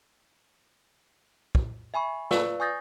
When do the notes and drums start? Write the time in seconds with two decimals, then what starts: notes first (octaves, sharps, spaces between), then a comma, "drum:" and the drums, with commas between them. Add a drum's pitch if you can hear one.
1.55 drum: kick
1.94 E5 G#5 B5 C#6
2.31 F4 B4 D5 F5 C#6 E6, drum: snare
2.60 G#5 C#6 D#6 G6 A6 A#6